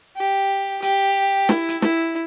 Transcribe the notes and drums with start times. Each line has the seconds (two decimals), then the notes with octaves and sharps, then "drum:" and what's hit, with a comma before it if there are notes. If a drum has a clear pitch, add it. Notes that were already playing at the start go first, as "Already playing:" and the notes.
0.17 G4
0.82 G4, drum: hi-hat
1.49 E4, drum: snare
1.68 drum: hi-hat
1.82 E4, drum: snare